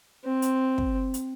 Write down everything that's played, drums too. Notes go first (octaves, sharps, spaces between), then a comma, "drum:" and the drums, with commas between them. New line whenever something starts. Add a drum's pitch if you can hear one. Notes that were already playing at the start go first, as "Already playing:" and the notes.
C4
drum: hi-hat
drum: kick
drum: hi-hat